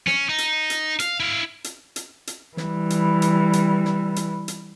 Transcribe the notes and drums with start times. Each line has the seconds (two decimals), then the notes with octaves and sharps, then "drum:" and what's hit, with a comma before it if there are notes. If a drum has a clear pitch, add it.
0.07 C#4, drum: snare
0.29 D#4
0.38 drum: hi-hat
0.70 drum: hi-hat
1.00 F5, drum: hi-hat
1.20 E4 F5
1.64 drum: hi-hat
1.96 drum: hi-hat
2.27 drum: hi-hat
2.57 E3 G3, drum: snare
2.90 drum: hi-hat
3.22 drum: hi-hat
3.53 drum: hi-hat
3.85 drum: snare
4.16 drum: hi-hat
4.48 drum: hi-hat